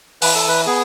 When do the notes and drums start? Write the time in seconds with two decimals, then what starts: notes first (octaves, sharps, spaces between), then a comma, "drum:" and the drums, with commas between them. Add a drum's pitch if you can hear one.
0.22 E3 B4, drum: open hi-hat
0.35 A4
0.48 B4
0.66 B3 G#4